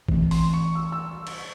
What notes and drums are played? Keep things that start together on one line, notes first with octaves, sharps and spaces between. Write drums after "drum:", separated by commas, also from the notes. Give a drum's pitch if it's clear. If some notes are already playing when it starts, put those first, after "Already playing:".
E3 A3 C4, drum: kick A1
C6, drum: open hi-hat
C#6
E6
E6
drum: cymbal